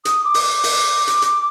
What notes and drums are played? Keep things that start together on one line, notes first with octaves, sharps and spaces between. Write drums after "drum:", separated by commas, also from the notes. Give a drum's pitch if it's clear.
D#6, drum: hi-hat
D6
drum: open hi-hat
D6
drum: open hi-hat
drum: hi-hat
drum: hi-hat